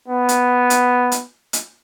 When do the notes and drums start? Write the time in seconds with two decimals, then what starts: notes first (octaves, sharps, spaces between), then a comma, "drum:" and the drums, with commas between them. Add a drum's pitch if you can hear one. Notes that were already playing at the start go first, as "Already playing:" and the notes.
0.08 B3
0.29 drum: hi-hat
0.70 drum: hi-hat
1.12 drum: hi-hat
1.53 drum: hi-hat